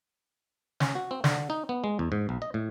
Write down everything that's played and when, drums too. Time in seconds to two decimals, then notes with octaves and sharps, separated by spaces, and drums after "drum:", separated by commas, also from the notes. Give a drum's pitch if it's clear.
0.80 C#4, drum: snare
0.95 F#4
1.11 C4
1.24 D3, drum: snare
1.50 D#4
1.69 B3
1.84 G#3
1.99 E2
2.12 G#2
2.29 B1
2.42 D#5
2.54 A2